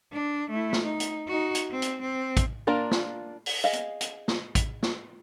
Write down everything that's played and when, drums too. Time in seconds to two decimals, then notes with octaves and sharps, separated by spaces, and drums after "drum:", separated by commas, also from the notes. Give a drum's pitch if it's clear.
0.12 D4
0.50 A3 E4
0.73 drum: snare
0.83 D#4
1.00 drum: hi-hat
1.27 D#4 F#4
1.55 drum: hi-hat
1.71 C4
1.82 drum: hi-hat
2.01 C4
2.37 drum: kick, hi-hat
2.67 A#3 D4 F4 A#4
2.91 drum: snare
3.46 drum: open hi-hat
3.64 G#4 D#5 F5
3.73 drum: hi-hat
4.01 drum: hi-hat
4.28 drum: snare
4.55 drum: kick, hi-hat
4.83 drum: snare